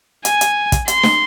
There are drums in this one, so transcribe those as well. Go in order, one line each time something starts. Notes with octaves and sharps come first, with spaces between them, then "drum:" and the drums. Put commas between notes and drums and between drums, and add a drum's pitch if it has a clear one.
G#5, drum: hi-hat
drum: hi-hat
drum: kick, hi-hat
C6, drum: hi-hat
drum: snare